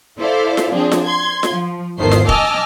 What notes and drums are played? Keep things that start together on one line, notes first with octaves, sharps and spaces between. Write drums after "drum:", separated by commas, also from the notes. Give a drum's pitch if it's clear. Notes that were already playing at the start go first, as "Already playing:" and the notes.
E4 A4 C5 D5 F5
drum: snare F4
F3 C4 D4 G#4
drum: snare F4
C6 G#6
drum: snare F4
F3
G#1 E2 D#3 A3 C5 C7
drum: snare F4
D#5 G#5 A5 D6 E6 F6, drum: kick